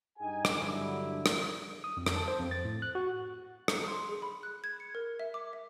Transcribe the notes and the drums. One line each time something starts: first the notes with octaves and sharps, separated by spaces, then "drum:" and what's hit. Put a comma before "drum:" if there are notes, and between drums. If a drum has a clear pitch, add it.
G2 D#4 G4 G#4 G5 G#5
drum: rim click
G2 D3 F#3 E4
drum: rim click
D#6
F2
drum: rim click
A5
C5
F2
A6
A2
F#6
F#4
drum: rim click
C6
G#4
B5
F#6
G#6
C#7
A#4
E5
D6
E5